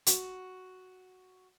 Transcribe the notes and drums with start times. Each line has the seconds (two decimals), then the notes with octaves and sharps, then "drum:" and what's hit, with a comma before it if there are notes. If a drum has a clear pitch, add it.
0.06 F#4, drum: hi-hat